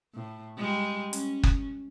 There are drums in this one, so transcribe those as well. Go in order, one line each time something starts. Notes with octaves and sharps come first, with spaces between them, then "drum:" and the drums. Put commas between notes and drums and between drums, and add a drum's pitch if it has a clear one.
A2
G3 G#3
C#4, drum: hi-hat
drum: kick F#1